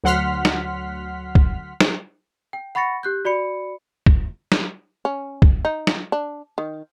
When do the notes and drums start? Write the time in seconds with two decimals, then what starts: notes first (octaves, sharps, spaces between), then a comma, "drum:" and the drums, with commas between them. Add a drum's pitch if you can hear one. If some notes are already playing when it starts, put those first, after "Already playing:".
0.04 D2 F#3 F#5 C6 F6 B6
0.45 drum: snare
1.35 drum: kick
1.80 drum: snare
2.53 G5
2.75 F#5 B5 C#6 A6 A#6 C#7
3.03 G4 F#6 G6
3.25 F#4 D5 B5 C#7
4.06 drum: kick
4.52 drum: snare
5.05 C#4
5.42 drum: kick
5.65 D#4
5.87 drum: snare
6.12 D4
6.58 D#3